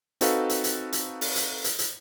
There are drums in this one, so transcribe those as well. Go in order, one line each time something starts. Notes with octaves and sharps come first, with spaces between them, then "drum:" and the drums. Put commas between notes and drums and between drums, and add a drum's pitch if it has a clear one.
C4 D#4 F#4 A4 B4 F5, drum: hi-hat
drum: hi-hat
drum: hi-hat
drum: hi-hat
drum: open hi-hat
drum: hi-hat
drum: hi-hat
drum: hi-hat